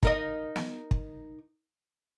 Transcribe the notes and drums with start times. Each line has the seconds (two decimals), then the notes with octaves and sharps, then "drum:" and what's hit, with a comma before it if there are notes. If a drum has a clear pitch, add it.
0.03 D#4 A#4 D#5, drum: kick
0.56 drum: snare
0.91 drum: kick